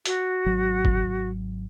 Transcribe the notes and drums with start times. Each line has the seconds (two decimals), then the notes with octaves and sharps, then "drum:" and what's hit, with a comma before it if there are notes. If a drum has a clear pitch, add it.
0.05 F#4, drum: hi-hat
0.46 G#1 F#3
0.85 drum: kick G1